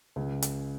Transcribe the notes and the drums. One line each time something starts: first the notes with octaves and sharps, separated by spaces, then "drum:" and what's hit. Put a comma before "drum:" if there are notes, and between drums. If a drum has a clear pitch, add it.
C#2
drum: hi-hat